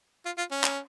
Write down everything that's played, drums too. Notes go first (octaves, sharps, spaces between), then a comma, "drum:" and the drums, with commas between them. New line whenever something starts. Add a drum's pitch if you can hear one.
F4
F4
C#4
drum: clap